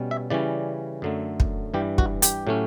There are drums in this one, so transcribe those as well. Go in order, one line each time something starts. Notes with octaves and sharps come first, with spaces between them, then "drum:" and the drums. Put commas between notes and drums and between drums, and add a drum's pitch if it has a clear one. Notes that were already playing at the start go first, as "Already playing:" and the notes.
Already playing: B2 G3 C#4
E5
C#3 E3 G3 C#4 D5
F#2 D3 F#3 A3
drum: kick
G2 E3 G3 G4
F#4, drum: kick
G4, drum: hi-hat
A2 F#3 A3 C#4